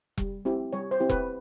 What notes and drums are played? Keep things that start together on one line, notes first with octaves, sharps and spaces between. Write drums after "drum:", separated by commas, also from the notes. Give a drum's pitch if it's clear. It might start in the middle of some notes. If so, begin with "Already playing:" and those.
G3, drum: kick E1
C4 E4 G4
G3 C#5
C5
C4 E4 G4
B4, drum: kick E1